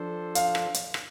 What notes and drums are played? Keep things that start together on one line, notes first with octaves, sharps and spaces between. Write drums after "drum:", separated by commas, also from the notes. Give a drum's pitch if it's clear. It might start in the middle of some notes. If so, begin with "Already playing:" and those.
Already playing: F3 D4 A4 C5
F5, drum: hi-hat
drum: rim click
drum: hi-hat
drum: rim click